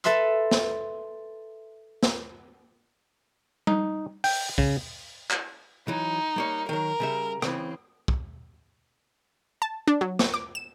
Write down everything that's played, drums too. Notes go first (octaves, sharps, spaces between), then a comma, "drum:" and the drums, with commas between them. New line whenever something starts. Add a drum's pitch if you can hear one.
A4 B4 E5 C6 E6, drum: hi-hat
drum: snare
drum: snare
D#4, drum: tom G3
G5, drum: open hi-hat
C#3, drum: kick
drum: clap
E3 F#3 D#4
G3 A#3 C#5
D#3 F#3 A#4
C#3 G3 E5
C#3 E3 C4, drum: rim click
drum: kick
A5
D4
F#3
C#6, drum: snare
D6
E7